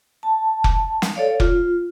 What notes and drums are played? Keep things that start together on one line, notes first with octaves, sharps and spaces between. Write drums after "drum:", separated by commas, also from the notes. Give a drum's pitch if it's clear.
A5
drum: kick F1
drum: snare
A4 C#5 D5 F5
F4, drum: kick F1